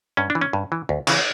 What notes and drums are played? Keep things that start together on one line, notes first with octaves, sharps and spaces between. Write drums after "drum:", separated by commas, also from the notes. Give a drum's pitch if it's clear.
G2 C#4
D4
E3
C#4
G2
E3
D2
C#3 E3, drum: cymbal